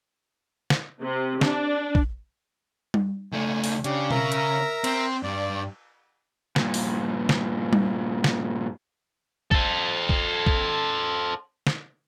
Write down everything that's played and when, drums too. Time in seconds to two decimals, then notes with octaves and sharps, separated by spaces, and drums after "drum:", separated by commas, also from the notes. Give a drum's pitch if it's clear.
0.70 drum: snare
1.02 C3
1.41 D4, drum: snare
1.95 drum: kick
2.94 drum: tom G3
3.32 C#2 A3 G#5
3.64 drum: open hi-hat
3.84 C#3 D4 G4, drum: hi-hat
4.11 A#4 E5 A#5, drum: tom B2
4.32 drum: hi-hat
4.84 C4, drum: cymbal
5.23 G2 D5
6.56 G2 A#2, drum: snare
6.74 drum: open hi-hat
7.29 drum: snare
7.73 drum: tom G3
8.24 drum: snare
9.51 A4 C5, drum: kick
10.09 drum: kick
10.47 drum: kick
11.67 drum: snare